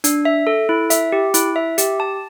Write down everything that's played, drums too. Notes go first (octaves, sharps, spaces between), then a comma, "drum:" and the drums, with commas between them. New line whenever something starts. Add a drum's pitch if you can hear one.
D4, drum: hi-hat
E5
A4
E4
E5, drum: hi-hat
G4
E4, drum: hi-hat
E5
G4, drum: hi-hat
A5